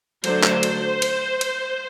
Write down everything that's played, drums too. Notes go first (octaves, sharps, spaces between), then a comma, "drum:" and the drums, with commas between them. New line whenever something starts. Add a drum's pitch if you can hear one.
D3 F#3 A3 D4 C5, drum: cymbal
drum: clap
drum: cymbal
drum: cymbal
drum: cymbal